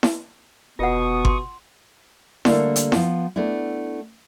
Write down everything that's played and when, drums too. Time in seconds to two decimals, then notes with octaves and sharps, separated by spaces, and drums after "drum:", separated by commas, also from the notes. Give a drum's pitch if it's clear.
0.03 drum: snare E4
0.79 F1 B2 B3 F4 F#5 C#6 D#6
1.25 C6, drum: kick G1
2.45 D3 G3 A3 A#3, drum: snare E4
2.76 drum: hi-hat
2.92 F3 B3, drum: snare E4
3.36 A3 B3 D4 E4